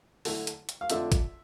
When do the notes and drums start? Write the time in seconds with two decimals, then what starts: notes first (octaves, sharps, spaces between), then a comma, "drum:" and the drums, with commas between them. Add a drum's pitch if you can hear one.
0.25 D3 A3 E4, drum: open hi-hat
0.47 drum: hi-hat
0.69 drum: hi-hat
0.81 F5
0.90 F2 D3 F3 A3 D4 E5, drum: hi-hat
1.12 drum: kick G#1, hi-hat